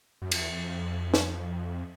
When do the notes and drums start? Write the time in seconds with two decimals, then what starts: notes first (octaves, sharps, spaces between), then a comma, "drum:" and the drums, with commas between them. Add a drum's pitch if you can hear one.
0.22 F#2
0.32 F2, drum: cymbal
0.41 E2
0.51 F2
1.14 drum: snare